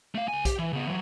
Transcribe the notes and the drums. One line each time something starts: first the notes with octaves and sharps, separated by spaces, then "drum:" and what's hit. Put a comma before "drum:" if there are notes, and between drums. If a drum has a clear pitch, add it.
A3 F5
C#2 G#5
G4, drum: kick B1, hi-hat
E3
C#3 B3
E3 F#3